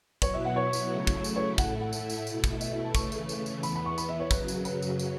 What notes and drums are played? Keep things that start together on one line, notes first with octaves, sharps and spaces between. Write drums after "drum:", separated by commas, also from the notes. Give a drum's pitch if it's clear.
B2 F#3 B3 E4 C#5, drum: kick, tambourine
E5
F#5
C#5
drum: tambourine
C#3 F#3 A3 E4
drum: kick, tambourine
drum: tambourine
C#5
A2 A3 E4 F#5, drum: kick, tambourine
F#5
drum: tambourine
drum: tambourine
B2 A3 E4, drum: tambourine
drum: kick, tambourine
E5, drum: tambourine
E5
A5
C#3 E3 A3 C#6, drum: kick, tambourine
drum: tambourine
drum: tambourine
drum: tambourine
E2 E3 B3 B5, drum: tambourine
B5
C#6
B5, drum: tambourine
E5
C#5
F#2 C#3 F#3 B4, drum: kick, tambourine
drum: tambourine
B4, drum: tambourine
drum: tambourine
drum: tambourine